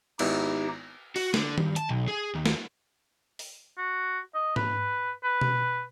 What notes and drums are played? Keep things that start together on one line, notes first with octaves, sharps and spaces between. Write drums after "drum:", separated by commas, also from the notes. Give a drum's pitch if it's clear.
G#1 B3 D#4 E4 G4, drum: cymbal
F#4, drum: open hi-hat
D3, drum: snare
G2, drum: tom D#3
A5, drum: hi-hat
B1
G#4
D#2
drum: snare
drum: open hi-hat
F#4
D#5
B4, drum: tom G#2
B4
drum: tom B2